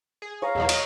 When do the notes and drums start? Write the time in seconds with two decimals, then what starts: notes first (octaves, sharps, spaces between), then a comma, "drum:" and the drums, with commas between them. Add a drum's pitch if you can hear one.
0.22 G#4
0.42 C#5 F5 A#5
0.55 E2 B2 F#3
0.69 D#5 F6, drum: cymbal